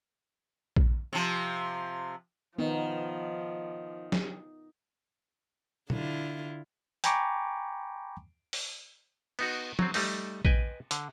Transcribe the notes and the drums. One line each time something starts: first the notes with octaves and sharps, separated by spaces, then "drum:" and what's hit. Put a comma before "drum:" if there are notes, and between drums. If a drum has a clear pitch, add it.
drum: kick A#1
C3 F3
D#3 F3 B3 D#4
drum: snare
D3 E4 F4, drum: tom
G5 G#5 A#5 B5 C#6 D6, drum: hi-hat
drum: open hi-hat
B3 D#4 F#4, drum: cymbal
F#3 C4, drum: tom
G3 A3 D#4, drum: open hi-hat
B4 D#5 G5 G#5, drum: kick A#1
D3, drum: hi-hat